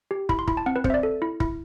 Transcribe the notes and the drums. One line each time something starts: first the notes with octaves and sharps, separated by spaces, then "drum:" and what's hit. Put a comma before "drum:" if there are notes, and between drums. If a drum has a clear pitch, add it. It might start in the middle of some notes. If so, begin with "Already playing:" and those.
G4
E4 B5, drum: kick
C6
E4 B5, drum: kick
A5
C4 F#5
B4
C4 C5, drum: kick
E5
D5
A4
E4
E4, drum: kick